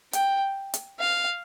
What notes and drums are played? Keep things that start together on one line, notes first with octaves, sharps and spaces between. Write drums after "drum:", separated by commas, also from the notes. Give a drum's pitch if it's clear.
G5, drum: hi-hat
drum: hi-hat
F5